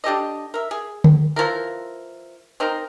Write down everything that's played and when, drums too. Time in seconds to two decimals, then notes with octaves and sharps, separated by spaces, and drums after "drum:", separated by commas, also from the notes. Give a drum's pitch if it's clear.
0.04 D4 G4 A4 D#5
0.54 A#4 E5
0.71 G#4
1.04 drum: tom D3
1.36 E3 F3 E4 A#4
2.60 C4 D#4 A#4